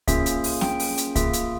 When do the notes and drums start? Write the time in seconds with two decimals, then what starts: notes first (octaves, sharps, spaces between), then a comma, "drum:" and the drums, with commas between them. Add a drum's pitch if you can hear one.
0.08 A#3 C#4 F4 G#4 E5, drum: kick C2, hi-hat
0.26 drum: hi-hat
0.44 drum: open hi-hat
0.61 G5, drum: snare C4
0.80 drum: open hi-hat
0.97 drum: hi-hat
1.16 A#3 F4 G#4 E5, drum: kick C2, hi-hat
1.33 drum: hi-hat